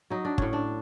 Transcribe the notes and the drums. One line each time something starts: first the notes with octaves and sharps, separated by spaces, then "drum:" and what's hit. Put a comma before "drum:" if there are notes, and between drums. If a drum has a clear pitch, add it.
F#3 D#4
D4
A2 C#4, drum: kick
D4